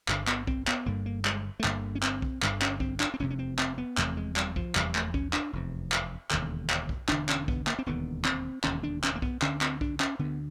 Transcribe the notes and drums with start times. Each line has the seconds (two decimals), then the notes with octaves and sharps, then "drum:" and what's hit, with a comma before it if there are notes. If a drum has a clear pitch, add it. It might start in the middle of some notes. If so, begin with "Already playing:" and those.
0.08 G1 G2 D3, drum: clap
0.27 B3, drum: clap
0.47 C4, drum: kick B1
0.67 B3, drum: clap
0.86 G1 G2 D3 A#3
1.06 A#3
1.25 G#3, drum: clap
1.60 A3
1.64 G1 G2 D3 A#3, drum: clap
1.95 C#4
2.03 C4, drum: clap
2.22 drum: kick B1
2.42 G1 G2 D3, drum: clap
2.62 C#4, drum: clap
2.80 C4, drum: kick B1
3.00 D4, drum: clap
3.14 C4
3.20 F1 E2 C3 C#4
3.30 C#4
3.39 C4
3.58 C4, drum: clap
3.78 B3
3.97 F1 E2 C3 A3, drum: clap
4.17 G#3
4.36 G3, drum: clap
4.56 F3, drum: kick B1
4.75 F1 E2 C3 G3, drum: clap
4.95 A3, drum: clap
5.14 C#4, drum: kick B1
5.33 D4, drum: clap
5.53 F1 E2 C3
5.92 drum: clap
6.31 E1 D#2 D3, drum: clap
6.70 drum: clap
6.89 drum: kick B1
7.08 E1 D#2 D3 D4, drum: clap
7.29 C#4, drum: clap
7.48 B3, drum: kick B1
7.67 A#3, drum: clap
7.79 C4
7.86 E1 D#2 D3 B3
8.25 C4, drum: clap
8.64 E1 D#2 D3 C#4, drum: clap
8.83 D4
9.04 C#4, drum: clap
9.16 A#3
9.22 B3, drum: kick B1
9.42 D2 D3 C#4, drum: clap
9.61 C4, drum: clap
9.81 D4, drum: kick B1
10.00 C#4, drum: clap
10.19 D2 D3 B3